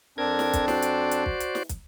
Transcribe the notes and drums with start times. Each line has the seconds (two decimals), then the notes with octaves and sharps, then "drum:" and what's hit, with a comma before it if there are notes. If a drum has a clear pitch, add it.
0.18 F2 C4 D4 A#4 G#6
0.39 drum: snare
0.53 drum: kick, hi-hat
0.68 F#4 C5 D5, drum: snare
0.82 drum: hi-hat
1.11 drum: hi-hat
1.26 drum: kick
1.40 drum: hi-hat
1.55 drum: snare
1.69 drum: kick, hi-hat